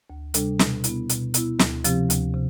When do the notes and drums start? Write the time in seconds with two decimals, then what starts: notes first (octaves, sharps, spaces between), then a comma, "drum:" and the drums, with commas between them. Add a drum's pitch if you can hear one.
0.10 D2
0.34 C3 G3 D4 A4, drum: hi-hat
0.59 B2, drum: snare
0.84 B3 E4, drum: hi-hat
1.10 B2, drum: hi-hat
1.34 B3 E4, drum: hi-hat
1.59 D2, drum: snare
1.84 C3 F3 C4 G4, drum: hi-hat
2.10 D2, drum: hi-hat
2.34 C3